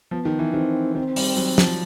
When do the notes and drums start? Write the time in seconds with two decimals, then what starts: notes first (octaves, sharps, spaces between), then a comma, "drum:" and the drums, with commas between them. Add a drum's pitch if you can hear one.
0.11 F3 B3
0.25 D#3
0.39 E3
0.53 D#3 C4
0.95 D#3 C4
1.16 G3, drum: open hi-hat
1.37 F#3
1.58 F3, drum: snare